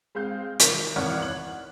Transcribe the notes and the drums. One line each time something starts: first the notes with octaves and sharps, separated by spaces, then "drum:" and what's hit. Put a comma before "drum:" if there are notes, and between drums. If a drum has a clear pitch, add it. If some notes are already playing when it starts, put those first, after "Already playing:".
G#3 C4 F5 G6
D#3, drum: hi-hat
G#1 E3 C#5 D5 F#5 F6
F#7